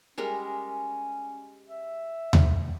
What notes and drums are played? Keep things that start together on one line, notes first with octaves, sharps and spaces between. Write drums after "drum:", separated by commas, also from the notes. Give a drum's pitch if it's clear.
G3 G#3 C#4 A#4
E5
drum: tom D#2